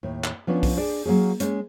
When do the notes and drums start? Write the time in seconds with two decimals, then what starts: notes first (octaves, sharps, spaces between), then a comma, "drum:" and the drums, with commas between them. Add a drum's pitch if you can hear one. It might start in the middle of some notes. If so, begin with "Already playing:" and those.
0.03 D#2 A2
0.24 drum: clap
0.47 F3 B3 C#4 D4
0.63 drum: kick B1, open hi-hat
0.77 D4 G#4 D5
1.05 F#3 A#3 C#4 G#4
1.40 G#3 C#4, drum: hi-hat